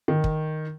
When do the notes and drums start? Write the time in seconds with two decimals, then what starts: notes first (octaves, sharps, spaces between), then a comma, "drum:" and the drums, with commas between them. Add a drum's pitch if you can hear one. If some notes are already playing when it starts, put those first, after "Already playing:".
0.08 D#3
0.24 drum: kick